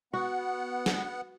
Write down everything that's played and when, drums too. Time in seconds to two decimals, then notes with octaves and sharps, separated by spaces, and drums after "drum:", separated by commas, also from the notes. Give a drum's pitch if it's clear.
0.13 B3 F#4 F#5
0.86 drum: snare